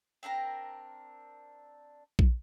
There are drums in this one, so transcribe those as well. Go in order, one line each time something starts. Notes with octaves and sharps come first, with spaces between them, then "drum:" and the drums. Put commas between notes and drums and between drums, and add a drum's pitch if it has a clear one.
C4 D4 A#4 A#5
drum: kick A#1